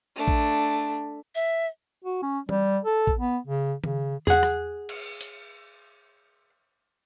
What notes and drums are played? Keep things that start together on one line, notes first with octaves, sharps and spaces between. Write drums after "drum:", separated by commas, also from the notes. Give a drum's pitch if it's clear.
A3 D4
drum: kick A1
E5
F#4
C#4
G3, drum: tom E3
A4
drum: kick A1
B3
C#3
C#3, drum: tom D#3
G#4 F#5, drum: tom E2
drum: rim click
drum: cymbal
drum: hi-hat